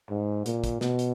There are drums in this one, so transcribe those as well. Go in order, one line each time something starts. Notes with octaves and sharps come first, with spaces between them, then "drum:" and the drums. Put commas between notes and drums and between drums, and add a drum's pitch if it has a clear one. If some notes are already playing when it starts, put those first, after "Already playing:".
G#2
A#2, drum: hi-hat
drum: kick, hi-hat
B2, drum: snare
drum: hi-hat